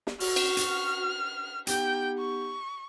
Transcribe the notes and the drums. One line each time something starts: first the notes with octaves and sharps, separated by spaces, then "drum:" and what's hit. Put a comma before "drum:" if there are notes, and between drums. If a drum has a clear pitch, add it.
drum: snare
F#4 F6, drum: open hi-hat
drum: cymbal
drum: hi-hat
B3 D#4 G4 G5, drum: hi-hat
C#6